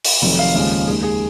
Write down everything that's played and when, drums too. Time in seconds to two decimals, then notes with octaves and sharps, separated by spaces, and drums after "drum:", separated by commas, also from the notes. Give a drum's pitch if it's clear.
0.05 drum: open hi-hat
0.22 F1 F2 D#3 F#3
0.39 F5
0.55 D#2 C#3 F3 G#3 F5
0.87 D#2 D#3 G#3 G#4
1.03 G#4